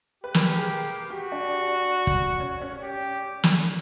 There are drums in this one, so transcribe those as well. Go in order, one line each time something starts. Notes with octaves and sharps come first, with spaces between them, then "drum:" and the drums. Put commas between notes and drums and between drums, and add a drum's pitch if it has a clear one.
G4 B4
A#4, drum: snare
G#4
F#4 G4
D4
drum: kick
C#4
C#4
G4
drum: snare